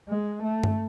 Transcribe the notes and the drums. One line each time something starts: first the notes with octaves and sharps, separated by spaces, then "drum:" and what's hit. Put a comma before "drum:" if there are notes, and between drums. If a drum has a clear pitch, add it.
G#3
A3
drum: tom G2